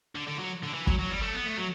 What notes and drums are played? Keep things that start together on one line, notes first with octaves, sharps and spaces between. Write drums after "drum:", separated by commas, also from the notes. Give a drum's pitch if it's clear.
D3
D3
F#3
D3
E3
F#3, drum: kick
F#3
G3
A3
B3
A3
F#3